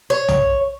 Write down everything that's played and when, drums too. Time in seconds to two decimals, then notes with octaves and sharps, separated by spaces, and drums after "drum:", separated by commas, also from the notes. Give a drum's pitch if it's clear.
0.10 C#5
0.28 drum: tom